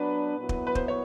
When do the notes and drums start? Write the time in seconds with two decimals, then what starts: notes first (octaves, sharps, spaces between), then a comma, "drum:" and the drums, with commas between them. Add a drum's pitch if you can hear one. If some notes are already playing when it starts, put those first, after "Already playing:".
Already playing: F#3 B3 D4 B4
0.37 A#2 F#3 B3 E4
0.49 drum: kick
0.67 B4
0.75 C5, drum: kick
0.88 C#5